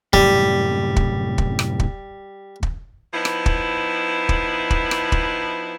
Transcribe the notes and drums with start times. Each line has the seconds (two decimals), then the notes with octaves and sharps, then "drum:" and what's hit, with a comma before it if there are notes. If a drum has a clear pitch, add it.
0.13 C2 F#2 A2 G3, drum: kick
0.96 drum: kick
1.38 drum: kick
1.59 drum: rim click
1.80 drum: kick
2.63 drum: kick
3.13 F3 B3 D#4 E4
3.25 drum: rim click
3.46 drum: kick
4.29 drum: kick
4.70 drum: kick
4.91 drum: rim click
5.12 drum: kick